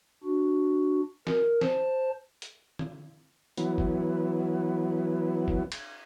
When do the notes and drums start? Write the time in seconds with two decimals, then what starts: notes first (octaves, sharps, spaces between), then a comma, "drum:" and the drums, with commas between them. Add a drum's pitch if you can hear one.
0.24 D4 F#4
1.27 A#4, drum: snare
1.61 C5 A5, drum: snare
2.42 drum: hi-hat
2.79 drum: tom D3
3.58 E3 F#3 B3, drum: hi-hat
3.78 drum: kick
5.48 drum: kick
5.72 drum: cymbal